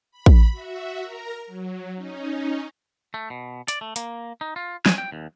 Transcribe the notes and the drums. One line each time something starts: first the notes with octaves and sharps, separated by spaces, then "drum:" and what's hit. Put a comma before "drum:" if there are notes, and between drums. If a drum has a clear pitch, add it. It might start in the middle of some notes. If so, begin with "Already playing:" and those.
B5
drum: kick
F#4 E5
A#4 A#5
F#3
C#4 D#4
A3
B2
D5, drum: hi-hat
A3
A#3, drum: hi-hat
D#4
F4
G#5, drum: snare
G5
D#2